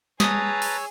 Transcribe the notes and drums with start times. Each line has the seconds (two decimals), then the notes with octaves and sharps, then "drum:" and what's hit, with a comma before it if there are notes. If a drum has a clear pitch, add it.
0.20 G#4 B4 C#5 A5 A#5 D#6 E6, drum: snare
0.62 drum: open hi-hat